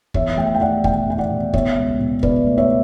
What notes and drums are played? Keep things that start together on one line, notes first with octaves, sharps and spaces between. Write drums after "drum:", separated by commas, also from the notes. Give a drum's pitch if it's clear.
E2 C#5 E5, drum: kick
A3 E5 G5
G5
A3 D5 F#5
B2 E5 G5, drum: kick
E2 G5
D5 F#5
B2
B2 C#5 E5, drum: kick
C#2
B2
B2 B4 D5, drum: kick
A3
C#5 E5